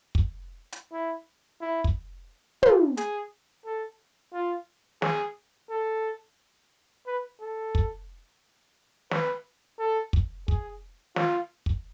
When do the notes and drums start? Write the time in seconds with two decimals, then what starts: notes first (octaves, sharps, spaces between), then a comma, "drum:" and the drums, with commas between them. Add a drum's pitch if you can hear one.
0.15 drum: kick
0.72 drum: hi-hat
0.93 E4
1.61 E4
1.84 drum: kick
2.63 F4, drum: tom
2.97 G#4, drum: hi-hat
3.66 A4
4.33 F4
5.02 G#4, drum: snare
5.70 A4
7.07 B4
7.41 A4
7.75 drum: kick
9.11 B4, drum: snare
9.79 A4
10.13 drum: kick
10.48 G#4, drum: kick
11.16 F4, drum: snare
11.66 drum: kick